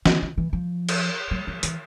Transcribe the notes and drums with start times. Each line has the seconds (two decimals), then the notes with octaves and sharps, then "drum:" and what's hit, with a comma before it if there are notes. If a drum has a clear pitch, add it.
0.06 D#3, drum: snare
0.22 D#3
0.37 E3
0.53 F3
0.89 drum: cymbal
1.31 F#3
1.47 F3
1.63 E3, drum: hi-hat